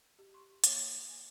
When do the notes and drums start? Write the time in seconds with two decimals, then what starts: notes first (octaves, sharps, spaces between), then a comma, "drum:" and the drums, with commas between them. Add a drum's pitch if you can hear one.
0.19 G4
0.34 C6 C#6
0.64 A#3 C#5 C#6, drum: hi-hat
1.11 G#5